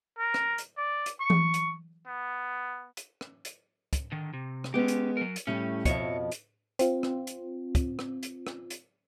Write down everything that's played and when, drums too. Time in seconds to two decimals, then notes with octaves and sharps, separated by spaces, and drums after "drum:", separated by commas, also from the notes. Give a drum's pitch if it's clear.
0.19 A#4
0.34 drum: rim click
0.58 drum: hi-hat
0.77 D5
1.06 drum: hi-hat
1.21 C#6
1.30 drum: tom E3
1.54 drum: hi-hat
2.07 B3
2.97 drum: hi-hat
3.21 drum: rim click
3.45 drum: hi-hat
3.93 drum: kick, hi-hat
4.12 D3 D#3
4.33 C3
4.64 drum: rim click
4.74 G#3 B3 C#4 G4
4.88 drum: hi-hat
5.17 F#3 A#4
5.36 drum: hi-hat
5.47 A2 G3 A3 C#4
5.85 F2 B2 F3 C#5 E5, drum: kick, hi-hat
6.32 drum: hi-hat
6.79 C4 F4, drum: hi-hat
7.03 drum: rim click
7.27 drum: hi-hat
7.75 drum: kick, hi-hat
7.99 drum: rim click
8.23 drum: hi-hat
8.47 drum: rim click
8.70 drum: hi-hat